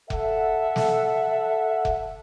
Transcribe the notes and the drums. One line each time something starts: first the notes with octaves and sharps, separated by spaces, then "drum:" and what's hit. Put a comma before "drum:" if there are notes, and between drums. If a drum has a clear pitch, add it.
A4 E5 F#5, drum: kick F1
drum: snare
drum: kick F1